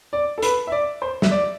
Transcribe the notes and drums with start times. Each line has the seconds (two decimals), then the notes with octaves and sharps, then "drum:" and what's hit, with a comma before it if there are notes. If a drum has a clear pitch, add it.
0.13 D5
0.38 A4
0.42 B4, drum: hi-hat
0.67 E5
0.72 D5
1.02 C5
1.22 E5, drum: snare
1.31 D5